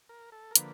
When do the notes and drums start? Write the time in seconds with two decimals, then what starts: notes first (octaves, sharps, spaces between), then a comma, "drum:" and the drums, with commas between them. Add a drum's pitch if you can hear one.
0.09 A#4
0.32 A4
0.51 A#4
0.56 D3 F3 A#3 B4, drum: hi-hat